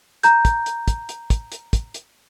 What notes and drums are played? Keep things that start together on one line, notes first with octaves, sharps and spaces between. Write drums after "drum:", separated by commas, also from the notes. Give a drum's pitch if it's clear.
A#5 G6, drum: hi-hat
drum: kick, hi-hat
drum: hi-hat
drum: kick, hi-hat
drum: hi-hat
drum: kick, hi-hat
drum: hi-hat
drum: kick, hi-hat
drum: hi-hat